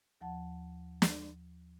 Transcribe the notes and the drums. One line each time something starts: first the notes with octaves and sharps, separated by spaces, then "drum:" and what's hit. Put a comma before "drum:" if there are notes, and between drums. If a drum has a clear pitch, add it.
D#2 F3 F#5 A5
drum: snare